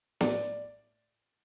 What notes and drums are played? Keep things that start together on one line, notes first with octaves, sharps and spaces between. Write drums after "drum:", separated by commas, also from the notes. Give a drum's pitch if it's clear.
A2 D5, drum: snare